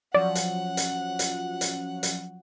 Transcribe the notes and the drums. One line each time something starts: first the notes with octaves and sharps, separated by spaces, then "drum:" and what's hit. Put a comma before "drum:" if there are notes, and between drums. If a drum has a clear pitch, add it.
F3 F#3 C#4 D5 F#5
drum: hi-hat
drum: hi-hat
drum: hi-hat
drum: hi-hat
drum: hi-hat